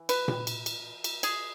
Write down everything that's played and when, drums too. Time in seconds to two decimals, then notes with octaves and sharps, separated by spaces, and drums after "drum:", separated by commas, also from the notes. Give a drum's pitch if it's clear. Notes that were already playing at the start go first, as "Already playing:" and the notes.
Already playing: E3
0.09 B4, drum: cymbal
0.28 drum: tom A#2
0.47 drum: cymbal
0.66 drum: cymbal
1.04 drum: cymbal
1.23 G#4, drum: cymbal